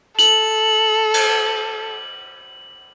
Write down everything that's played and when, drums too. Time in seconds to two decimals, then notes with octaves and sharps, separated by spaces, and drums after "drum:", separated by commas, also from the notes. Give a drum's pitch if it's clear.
0.19 A4 F#7, drum: hi-hat
1.14 drum: cymbal